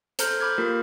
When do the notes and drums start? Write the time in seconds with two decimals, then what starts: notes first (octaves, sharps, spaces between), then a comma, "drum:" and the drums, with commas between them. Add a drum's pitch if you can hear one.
0.19 A4 C5 A#5 F6 G6, drum: hi-hat
0.41 B5 D6 F6 G#6
0.58 A#3 F4 G4 A#4